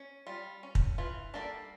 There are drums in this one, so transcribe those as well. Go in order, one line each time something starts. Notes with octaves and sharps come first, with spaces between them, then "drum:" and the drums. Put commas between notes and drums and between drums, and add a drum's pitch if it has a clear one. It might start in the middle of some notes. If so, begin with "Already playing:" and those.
Already playing: C#4
G3 F4
C#4
drum: kick
E3 F4
G3 A#3 D4 A4